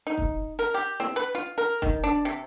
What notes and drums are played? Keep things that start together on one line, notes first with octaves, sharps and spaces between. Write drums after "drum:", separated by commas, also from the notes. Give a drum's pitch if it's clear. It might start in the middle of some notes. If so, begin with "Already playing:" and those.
D#4
drum: kick
A#4
G4
C4, drum: snare
B4
F4
A#4
D#3, drum: kick
D4
C3